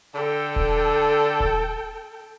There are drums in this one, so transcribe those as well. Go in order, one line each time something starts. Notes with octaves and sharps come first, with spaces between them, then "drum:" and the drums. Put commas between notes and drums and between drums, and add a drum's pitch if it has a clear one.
D3 A4 G5
drum: kick D#1
drum: kick D#1